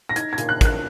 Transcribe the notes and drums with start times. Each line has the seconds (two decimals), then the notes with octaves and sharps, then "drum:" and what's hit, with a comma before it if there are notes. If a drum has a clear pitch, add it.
0.09 A#6
0.16 D#4 G#6, drum: hi-hat
0.33 G#6
0.38 A#2, drum: hi-hat
0.49 F#6
0.61 A#3 F#6, drum: kick, hi-hat